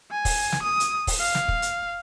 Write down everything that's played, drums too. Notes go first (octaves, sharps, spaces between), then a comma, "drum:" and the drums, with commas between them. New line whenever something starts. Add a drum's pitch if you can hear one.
G#5
drum: kick, open hi-hat
drum: snare
D#6
drum: hi-hat
drum: kick, open hi-hat
F5
drum: snare
drum: kick
drum: hi-hat